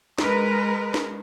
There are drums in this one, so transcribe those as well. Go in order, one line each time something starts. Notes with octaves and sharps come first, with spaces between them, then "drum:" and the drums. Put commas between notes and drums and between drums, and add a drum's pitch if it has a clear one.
G#3 A#4 B4, drum: snare
drum: snare